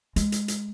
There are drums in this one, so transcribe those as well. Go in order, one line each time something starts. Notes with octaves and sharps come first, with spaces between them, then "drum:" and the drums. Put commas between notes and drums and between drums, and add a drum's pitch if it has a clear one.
G#3, drum: hi-hat
drum: hi-hat
drum: hi-hat